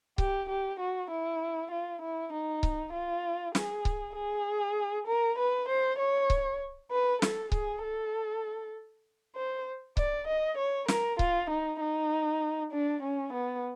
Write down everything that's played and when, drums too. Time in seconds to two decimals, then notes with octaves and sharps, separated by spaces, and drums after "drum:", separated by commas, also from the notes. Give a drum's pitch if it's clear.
0.18 G4, drum: kick C#1
0.49 G4
0.80 F#4
1.10 E4
1.71 F4
2.01 E4
2.32 D#4
2.63 drum: kick C#1
2.93 F4
3.55 G#4, drum: snare
3.85 drum: kick C#1
4.15 G#4
5.07 A#4
5.38 B4
5.68 C5
5.99 C#5
6.30 drum: kick C#1
6.91 B4
7.22 A4, drum: snare
7.52 G#4, drum: kick C#1
7.82 A4
9.35 C5
9.97 D5, drum: kick C#1
10.27 D#5
10.57 C#5
10.88 A#4, drum: snare
11.19 F4, drum: kick C#1
11.50 D#4
11.80 D#4
12.72 D4
13.02 C#4
13.33 B3